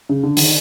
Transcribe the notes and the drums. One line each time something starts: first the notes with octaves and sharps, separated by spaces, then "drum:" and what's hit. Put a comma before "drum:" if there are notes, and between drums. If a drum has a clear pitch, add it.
C#3
D3
D#3, drum: open hi-hat